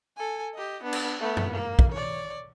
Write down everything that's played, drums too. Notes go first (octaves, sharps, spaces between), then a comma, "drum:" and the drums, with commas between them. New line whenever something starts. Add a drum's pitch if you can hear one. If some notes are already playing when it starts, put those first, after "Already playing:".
A4 G#5
G4 D#5
B3 D4
drum: cymbal
A3 B3
drum: tom F#2
A#3
drum: kick
C#5 D5